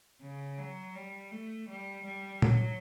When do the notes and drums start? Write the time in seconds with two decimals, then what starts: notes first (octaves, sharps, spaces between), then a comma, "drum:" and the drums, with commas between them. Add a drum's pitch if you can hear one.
0.22 C#3
0.58 F#3
0.96 G3
1.32 A3
1.69 G3
2.05 G3
2.42 F#3, drum: tom A#2